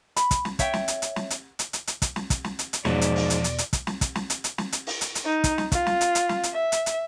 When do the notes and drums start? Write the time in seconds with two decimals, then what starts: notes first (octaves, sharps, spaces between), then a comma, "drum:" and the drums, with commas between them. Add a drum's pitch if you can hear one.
0.16 B5, drum: hi-hat
0.31 drum: kick, hi-hat
0.45 drum: snare
0.59 C#5 E5 G5, drum: kick, hi-hat
0.73 drum: snare
0.88 drum: hi-hat
1.02 drum: hi-hat
1.16 drum: snare
1.30 drum: hi-hat
1.59 drum: hi-hat
1.73 drum: hi-hat
1.87 drum: hi-hat
2.02 drum: kick, hi-hat
2.16 drum: snare
2.30 drum: kick, hi-hat
2.44 drum: snare
2.59 drum: hi-hat
2.73 drum: hi-hat
2.85 E2 G#2 B2 F3 C#5 D5, drum: snare
3.01 drum: hi-hat
3.16 drum: open hi-hat
3.30 drum: hi-hat
3.44 drum: hi-hat
3.58 drum: hi-hat
3.73 drum: kick, hi-hat
3.87 drum: snare
4.01 drum: kick, hi-hat
4.15 drum: snare
4.30 drum: hi-hat
4.44 drum: hi-hat
4.58 drum: snare
4.72 drum: hi-hat
4.87 drum: open hi-hat
5.01 drum: hi-hat
5.15 drum: hi-hat
5.25 D#4
5.44 drum: kick, hi-hat
5.58 drum: snare
5.72 F4, drum: kick, hi-hat
5.86 drum: snare
6.01 drum: hi-hat
6.15 drum: hi-hat
6.29 drum: snare
6.43 drum: hi-hat
6.53 E5
6.72 drum: hi-hat
6.86 drum: hi-hat